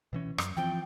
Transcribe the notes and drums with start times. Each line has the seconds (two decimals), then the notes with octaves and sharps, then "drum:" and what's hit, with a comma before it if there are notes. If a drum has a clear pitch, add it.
0.13 B2 E3 C#4
0.38 F#2, drum: rim click
0.57 E3 F3 C4 G5